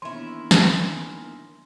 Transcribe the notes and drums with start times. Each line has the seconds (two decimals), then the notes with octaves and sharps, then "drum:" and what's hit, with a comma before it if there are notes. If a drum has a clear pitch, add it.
0.02 D#3 E3 A#3 B3 C#4 D4 E4 C6
0.51 drum: snare